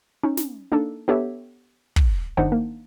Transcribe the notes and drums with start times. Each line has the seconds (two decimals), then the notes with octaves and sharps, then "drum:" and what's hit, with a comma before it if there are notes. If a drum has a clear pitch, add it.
0.23 C#4 D#4
0.37 drum: snare
0.72 A#3 D4 D#4 A4
1.08 B3 D4 G4 A4 C#5 E5
1.96 drum: kick
2.37 G1 D#3 D4 D#4 C5 F#5
2.52 A#3